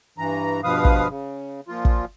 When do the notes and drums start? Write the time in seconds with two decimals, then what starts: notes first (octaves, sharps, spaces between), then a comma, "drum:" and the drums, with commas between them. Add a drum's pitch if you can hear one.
0.18 G2 E3 A#5
0.64 G2 B2 F3 B4 F5 D#6
0.85 drum: kick
1.09 C#3
1.68 A#2 F3 F4
1.85 drum: kick